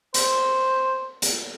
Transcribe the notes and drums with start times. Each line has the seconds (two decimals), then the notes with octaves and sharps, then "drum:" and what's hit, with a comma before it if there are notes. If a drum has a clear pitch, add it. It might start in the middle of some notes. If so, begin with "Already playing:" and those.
0.14 C5, drum: hi-hat
1.22 drum: hi-hat